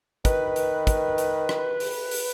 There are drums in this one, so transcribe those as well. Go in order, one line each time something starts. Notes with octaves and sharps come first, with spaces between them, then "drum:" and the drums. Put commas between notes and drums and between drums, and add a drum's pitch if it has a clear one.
D#3 B4, drum: kick, hi-hat
drum: hi-hat
drum: kick, hi-hat
drum: hi-hat
drum: rim click
drum: open hi-hat
drum: open hi-hat